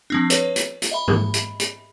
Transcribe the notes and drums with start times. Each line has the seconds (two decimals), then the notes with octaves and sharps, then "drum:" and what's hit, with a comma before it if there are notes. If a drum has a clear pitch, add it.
0.10 F3 C4 D4
0.30 B4 C#5, drum: hi-hat
0.56 drum: hi-hat
0.82 drum: hi-hat
0.91 D#5 E5 B5
1.08 drum: tom G#2
1.34 drum: hi-hat
1.60 drum: hi-hat